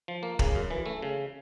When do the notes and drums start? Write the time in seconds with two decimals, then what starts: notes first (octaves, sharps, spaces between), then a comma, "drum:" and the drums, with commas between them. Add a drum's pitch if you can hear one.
0.08 F3
0.23 A#3
0.39 C#3, drum: kick
0.55 F#2
0.71 E3
0.86 A3
1.02 C#3